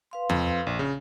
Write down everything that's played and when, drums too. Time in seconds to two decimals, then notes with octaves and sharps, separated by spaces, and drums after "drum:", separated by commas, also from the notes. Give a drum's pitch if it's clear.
0.11 B4 F5 C6
0.29 F2, drum: tom E2
0.67 A#1
0.79 C#3